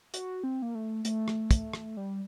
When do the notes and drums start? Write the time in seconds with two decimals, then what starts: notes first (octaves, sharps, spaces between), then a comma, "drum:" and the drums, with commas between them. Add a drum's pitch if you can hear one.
0.14 F#4, drum: hi-hat
0.44 C4
0.62 A#3
0.75 A3
1.05 A3, drum: hi-hat
1.28 drum: rim click
1.51 drum: kick, hi-hat
1.73 drum: rim click
1.97 G3